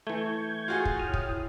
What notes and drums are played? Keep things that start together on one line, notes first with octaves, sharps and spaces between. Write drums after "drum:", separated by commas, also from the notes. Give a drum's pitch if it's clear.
E3 A3 C#6 G6 G#6
F4 F#4 G#4
drum: kick
A2 G5 D#6 F6
drum: kick